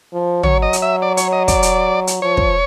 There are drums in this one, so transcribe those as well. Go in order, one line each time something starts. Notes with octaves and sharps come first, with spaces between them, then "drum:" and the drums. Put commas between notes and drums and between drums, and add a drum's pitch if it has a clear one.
F3
F#3 C#5, drum: tom
D#5
drum: hi-hat
E5
D5
C#5, drum: hi-hat
D#5
D5, drum: kick, hi-hat
drum: hi-hat
drum: hi-hat
F3 C#5
drum: kick